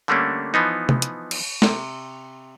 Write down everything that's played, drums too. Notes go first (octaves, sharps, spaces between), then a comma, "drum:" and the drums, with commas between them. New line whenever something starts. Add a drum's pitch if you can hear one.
D3 G3 A3 A#3 C#4 D4
E3 F3 B3 D#4
drum: tom C3
drum: hi-hat
drum: cymbal
C3, drum: snare